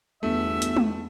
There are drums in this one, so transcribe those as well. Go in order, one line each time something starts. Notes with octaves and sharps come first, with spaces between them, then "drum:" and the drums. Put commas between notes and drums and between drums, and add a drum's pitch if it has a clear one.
G1 E2 A3 E5
drum: hi-hat
drum: tom G#3